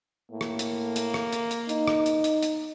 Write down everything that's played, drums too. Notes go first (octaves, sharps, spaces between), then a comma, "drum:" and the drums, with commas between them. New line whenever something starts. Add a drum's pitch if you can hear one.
A2 A#3
drum: rim click
drum: hi-hat
drum: hi-hat
drum: rim click
drum: hi-hat
drum: hi-hat
D#4, drum: hi-hat
drum: rim click
drum: hi-hat
drum: hi-hat
drum: hi-hat